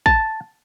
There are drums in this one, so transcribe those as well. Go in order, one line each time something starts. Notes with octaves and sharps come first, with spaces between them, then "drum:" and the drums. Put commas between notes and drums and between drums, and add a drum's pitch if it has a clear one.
A5, drum: kick